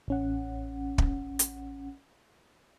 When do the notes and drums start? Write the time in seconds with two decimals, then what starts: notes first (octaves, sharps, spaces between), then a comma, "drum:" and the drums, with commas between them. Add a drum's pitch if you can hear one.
0.08 A1 C#4 F#5
0.98 drum: kick
1.39 drum: hi-hat